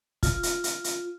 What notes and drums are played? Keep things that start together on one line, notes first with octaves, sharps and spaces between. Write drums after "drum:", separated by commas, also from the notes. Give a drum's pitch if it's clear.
F4, drum: kick, hi-hat
drum: hi-hat
drum: hi-hat
drum: hi-hat